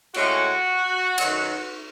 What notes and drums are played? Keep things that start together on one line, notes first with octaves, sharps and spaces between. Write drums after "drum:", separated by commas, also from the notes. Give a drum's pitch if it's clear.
A2 G#3 C#4 F#4, drum: cymbal
F#2 D#3 F#3, drum: cymbal